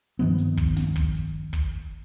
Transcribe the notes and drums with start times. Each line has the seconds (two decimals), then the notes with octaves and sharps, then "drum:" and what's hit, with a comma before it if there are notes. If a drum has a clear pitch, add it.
0.19 G2 D#3 F3 B3
0.38 drum: hi-hat
0.57 drum: kick
0.77 drum: snare
0.96 drum: kick
1.15 drum: hi-hat
1.53 drum: kick, hi-hat